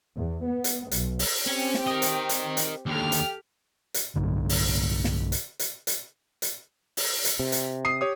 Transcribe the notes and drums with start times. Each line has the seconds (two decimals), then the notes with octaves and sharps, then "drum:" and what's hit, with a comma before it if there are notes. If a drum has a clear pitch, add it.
0.15 E2
0.45 B3
0.64 drum: hi-hat
0.91 B1, drum: hi-hat
1.19 drum: open hi-hat
1.47 C4 C#4 G4
1.74 drum: snare
1.87 A#4 D#5
2.02 drum: hi-hat
2.29 drum: hi-hat
2.57 drum: hi-hat
2.86 D#2 D3 G4 A4 F6
3.12 drum: hi-hat
3.94 drum: hi-hat
4.16 B1 G2 D3
4.49 drum: open hi-hat
5.04 drum: snare
5.32 drum: hi-hat
5.59 drum: hi-hat
5.87 drum: hi-hat
6.42 drum: hi-hat
6.97 drum: open hi-hat
7.25 drum: hi-hat
7.39 C3
7.52 drum: hi-hat
7.85 D#6 C7
8.01 G4 C#5 D#6